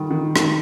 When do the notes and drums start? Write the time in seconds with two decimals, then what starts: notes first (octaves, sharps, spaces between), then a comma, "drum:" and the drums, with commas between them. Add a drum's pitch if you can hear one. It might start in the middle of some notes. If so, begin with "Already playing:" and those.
Already playing: D#3 G3
0.11 D#3
0.36 D#3, drum: rim click